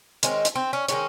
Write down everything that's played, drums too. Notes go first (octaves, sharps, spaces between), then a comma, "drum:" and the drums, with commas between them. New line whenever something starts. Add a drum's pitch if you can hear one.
D#3 G#3 C4 C#4, drum: hi-hat
drum: hi-hat
C4
C#4
D#3 G#3 C4 C#4, drum: hi-hat